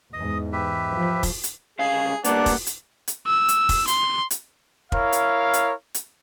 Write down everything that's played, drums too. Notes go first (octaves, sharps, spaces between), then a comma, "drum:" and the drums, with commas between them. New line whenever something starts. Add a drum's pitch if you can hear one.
E2 G#2 D#5 D#6
G4 B4 E5
F3
drum: kick, open hi-hat
drum: hi-hat
C2 C#3 G#4 F5
G3 A#3 B3 D4 D5 F#5, drum: hi-hat
drum: kick, open hi-hat
drum: hi-hat
drum: hi-hat
E6
drum: hi-hat
drum: kick, open hi-hat
C6, drum: hi-hat
drum: hi-hat
E4 A#4 C#5 F5, drum: kick
drum: hi-hat
drum: hi-hat
drum: hi-hat